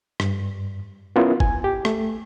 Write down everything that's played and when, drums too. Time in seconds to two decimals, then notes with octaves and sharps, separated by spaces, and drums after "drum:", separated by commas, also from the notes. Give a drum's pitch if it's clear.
0.20 G2, drum: rim click
1.16 B3 C#4 E4 F4 A#4
1.40 G#5, drum: kick
1.64 G4
1.85 A3, drum: rim click